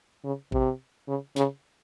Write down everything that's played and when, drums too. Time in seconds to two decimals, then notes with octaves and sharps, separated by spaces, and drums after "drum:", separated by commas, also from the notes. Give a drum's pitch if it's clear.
0.24 C#3
0.52 C3, drum: kick A1
1.08 C#3
1.36 C#3, drum: snare